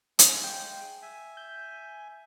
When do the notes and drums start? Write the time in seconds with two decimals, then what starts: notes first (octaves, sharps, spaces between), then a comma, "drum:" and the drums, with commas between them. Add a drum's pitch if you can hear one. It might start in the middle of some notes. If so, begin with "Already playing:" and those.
0.19 G#3 F5 G#5, drum: hi-hat
0.44 G5
1.02 E5 G#5
1.37 G6